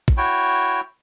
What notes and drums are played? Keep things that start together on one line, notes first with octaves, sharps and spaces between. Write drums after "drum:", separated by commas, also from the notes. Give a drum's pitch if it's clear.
drum: kick
E4 F#4 C#5 G5